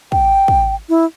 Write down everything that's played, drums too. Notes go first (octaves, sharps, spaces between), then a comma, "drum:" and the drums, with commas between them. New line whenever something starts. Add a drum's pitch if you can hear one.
G5, drum: kick
drum: kick
E4